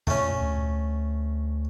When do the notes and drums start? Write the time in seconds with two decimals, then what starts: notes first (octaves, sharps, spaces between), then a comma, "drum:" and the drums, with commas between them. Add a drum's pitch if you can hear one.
0.07 A#2 A3 C#4, drum: tom F2
0.39 D2